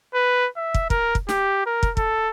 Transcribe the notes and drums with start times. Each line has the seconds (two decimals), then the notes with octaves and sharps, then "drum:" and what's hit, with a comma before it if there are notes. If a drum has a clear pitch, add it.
0.14 B4
0.56 E5
0.74 drum: kick
0.90 A#4, drum: kick
1.15 drum: kick
1.29 G4, drum: snare
1.66 A#4
1.83 drum: kick
1.97 A4, drum: kick